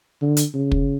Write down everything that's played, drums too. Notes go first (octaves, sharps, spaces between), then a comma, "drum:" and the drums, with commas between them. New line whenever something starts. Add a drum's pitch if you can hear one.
D3
drum: hi-hat
C#3
drum: kick